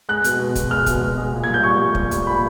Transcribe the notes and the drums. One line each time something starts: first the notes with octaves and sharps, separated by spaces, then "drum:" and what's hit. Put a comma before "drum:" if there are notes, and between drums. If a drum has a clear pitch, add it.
G#3 F#6
B2, drum: hi-hat
B2
B2, drum: kick, hi-hat
G#3 F6
B2, drum: kick, hi-hat
B2
G#3
A#2
G#6
G3 G6
G3 C#6
G3
G3, drum: kick
G3, drum: hi-hat
A#2 B5